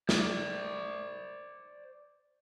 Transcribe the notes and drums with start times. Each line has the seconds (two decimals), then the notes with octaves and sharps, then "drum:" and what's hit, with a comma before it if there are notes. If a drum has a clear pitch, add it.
0.09 C5 D5, drum: snare